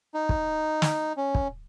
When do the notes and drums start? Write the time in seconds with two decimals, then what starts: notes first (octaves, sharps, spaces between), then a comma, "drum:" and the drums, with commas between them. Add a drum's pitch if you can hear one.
0.14 D#4
0.29 drum: kick
0.82 drum: snare
1.17 C#4
1.35 drum: kick